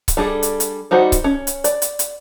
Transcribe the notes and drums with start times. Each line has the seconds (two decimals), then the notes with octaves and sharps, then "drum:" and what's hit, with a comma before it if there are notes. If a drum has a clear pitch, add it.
0.08 drum: kick C#1, hi-hat
0.17 G3 D4 G#4 A4
0.43 drum: hi-hat
0.60 drum: hi-hat
0.91 G3 D#4 F#4 C5
1.12 drum: kick C#1, hi-hat
1.24 C#4
1.47 drum: hi-hat
1.64 D5, drum: hi-hat
1.82 drum: hi-hat
1.99 drum: hi-hat